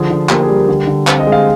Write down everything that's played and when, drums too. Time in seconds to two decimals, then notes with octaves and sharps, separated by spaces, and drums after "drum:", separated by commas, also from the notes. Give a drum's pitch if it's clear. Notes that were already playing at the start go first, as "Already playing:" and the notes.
Already playing: D3 F3 G#4
0.10 D3
0.29 A#3 G4, drum: clap
0.42 G#4
0.49 G3
0.55 A#4
0.68 D3
0.87 D3
1.07 C4 F5, drum: clap
1.20 D#5
1.27 G#3
1.32 F5